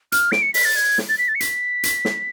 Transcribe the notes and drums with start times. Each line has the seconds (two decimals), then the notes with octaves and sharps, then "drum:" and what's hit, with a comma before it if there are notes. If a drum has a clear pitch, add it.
0.12 F6, drum: hi-hat
0.32 D7, drum: snare
0.42 C#7
0.54 B6, drum: open hi-hat
0.65 A6
0.76 G#6
0.98 drum: snare
1.09 A6
1.18 B6
1.28 A6
1.35 C#7
1.40 B6, drum: hi-hat
1.83 drum: hi-hat
2.05 drum: snare